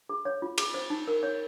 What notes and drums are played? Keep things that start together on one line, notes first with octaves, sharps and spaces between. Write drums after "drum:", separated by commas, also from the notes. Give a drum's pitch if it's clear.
G#4
C#5
F4
G#4, drum: cymbal
C5
D#4
A#4
C#5